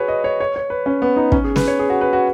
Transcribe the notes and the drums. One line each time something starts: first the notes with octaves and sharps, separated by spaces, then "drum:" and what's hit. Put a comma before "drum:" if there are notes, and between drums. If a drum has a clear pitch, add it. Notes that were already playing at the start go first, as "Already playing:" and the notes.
Already playing: F#4 G#4 B4 C#5
D#5
C#5
C#5
C#5
B4
C#4
B3
D#4
C#4, drum: kick
G#4
B4, drum: snare
C#5
G#4
F#4
B4
F#4